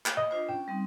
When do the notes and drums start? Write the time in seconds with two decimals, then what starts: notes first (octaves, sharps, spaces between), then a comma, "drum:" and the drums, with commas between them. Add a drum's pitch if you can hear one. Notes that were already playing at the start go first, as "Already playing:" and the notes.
0.06 drum: clap
0.17 D#5
0.31 D4 F4 C5
0.49 C#4 G5
0.68 G3 C4 D#4